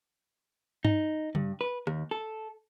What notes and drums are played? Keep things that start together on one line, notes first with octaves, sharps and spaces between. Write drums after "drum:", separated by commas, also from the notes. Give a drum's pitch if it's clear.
D#4, drum: tom G2
G2, drum: tom C#3
B4
D#2, drum: rim click
A4